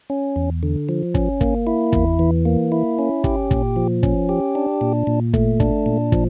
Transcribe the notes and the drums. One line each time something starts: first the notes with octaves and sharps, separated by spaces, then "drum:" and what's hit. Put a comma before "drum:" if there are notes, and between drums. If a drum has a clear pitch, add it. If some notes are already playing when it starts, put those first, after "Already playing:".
C#4
E2
D3
F3
C#4, drum: kick
A#3, drum: kick
E4
E2, drum: kick
E3
A#3
E4
C#4
G4, drum: kick
A#2, drum: kick
F3
C#4, drum: kick
G4
D4
A#2
A#2
A3, drum: kick
D4, drum: kick
A#2
F3, drum: kick